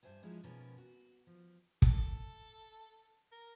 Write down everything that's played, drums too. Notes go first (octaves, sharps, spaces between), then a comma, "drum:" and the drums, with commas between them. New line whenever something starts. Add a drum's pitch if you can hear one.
G2 D4 C5 E5 G#5
F3 F#3 G#3 C#4 D#4 E4
B2 D#3 F3 A#3 B3 C#4
F#4
F3
A4, drum: kick
A#4